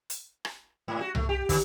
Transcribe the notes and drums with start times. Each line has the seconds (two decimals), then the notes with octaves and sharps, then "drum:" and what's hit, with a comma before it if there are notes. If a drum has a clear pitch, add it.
0.10 drum: hi-hat
0.45 drum: rim click
0.88 G#2
1.01 F#4
1.15 A3, drum: tom C2
1.29 G4
1.49 D3, drum: kick, open hi-hat